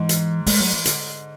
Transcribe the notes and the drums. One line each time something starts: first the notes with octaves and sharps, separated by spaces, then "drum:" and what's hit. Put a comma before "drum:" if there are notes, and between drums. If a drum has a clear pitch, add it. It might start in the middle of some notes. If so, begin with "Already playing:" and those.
Already playing: G#2 E3
drum: hi-hat
G#3, drum: open hi-hat
F#3
E3
D3, drum: hi-hat